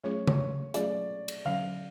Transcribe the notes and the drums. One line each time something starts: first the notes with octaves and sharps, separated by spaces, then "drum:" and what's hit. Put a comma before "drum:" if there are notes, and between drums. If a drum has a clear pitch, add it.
F#3 A3 C#4 F4 G#4 C#5
C#5, drum: tom C#3
F#3 A3 C#4 F4 G#4 D5, drum: hi-hat
drum: cymbal
D3 F#3 C#4 F5